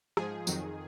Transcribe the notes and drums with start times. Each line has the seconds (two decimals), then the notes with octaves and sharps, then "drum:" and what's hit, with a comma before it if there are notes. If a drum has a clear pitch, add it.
0.17 G#2 F3 G#4, drum: rim click
0.47 F2 D#3 F#3, drum: tambourine